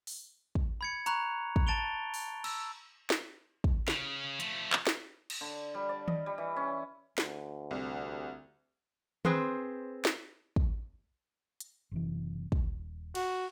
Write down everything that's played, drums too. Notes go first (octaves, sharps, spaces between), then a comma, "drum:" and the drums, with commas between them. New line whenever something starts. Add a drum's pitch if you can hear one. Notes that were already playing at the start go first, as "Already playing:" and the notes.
drum: open hi-hat
drum: kick
B5 G#6 C#7
A#5 B5 C#6 F#6 F7, drum: hi-hat
drum: kick
A5 A6 D7 F7 G7
drum: open hi-hat
E6, drum: cymbal
drum: snare
drum: kick
C#3, drum: snare
F3 A3, drum: hi-hat
drum: clap
drum: snare
drum: cymbal
D3
G3
D5
D#5, drum: tom D#3
G3
E3
C#4
D2, drum: snare
C2
C4 G#4 B4 C5, drum: tom D#3
drum: snare
drum: kick
drum: hi-hat
F#1 C3 E3
D#1, drum: kick
F#4, drum: cymbal